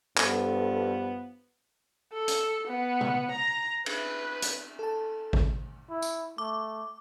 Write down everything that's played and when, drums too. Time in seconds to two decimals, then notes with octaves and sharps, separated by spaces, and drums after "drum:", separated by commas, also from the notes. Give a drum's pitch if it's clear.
0.17 G2 F3 B3 A4, drum: clap
2.13 A4
2.28 drum: hi-hat
2.67 B3
3.01 drum: tom C3
3.30 A#5
3.86 B4, drum: cymbal
4.42 drum: hi-hat
4.79 A4 A5
5.33 drum: kick G#1
5.90 E4
6.02 drum: tambourine
6.38 A3 D6